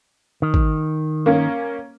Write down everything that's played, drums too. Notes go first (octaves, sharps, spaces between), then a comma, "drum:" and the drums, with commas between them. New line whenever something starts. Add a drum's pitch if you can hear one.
D#3
drum: kick
A#3 C#4